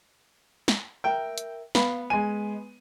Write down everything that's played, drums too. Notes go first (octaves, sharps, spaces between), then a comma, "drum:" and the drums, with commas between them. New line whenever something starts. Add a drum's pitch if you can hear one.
drum: snare
A#4 E5 G5
drum: hi-hat
B3 F5 B5, drum: snare
G#3 G#5 D#7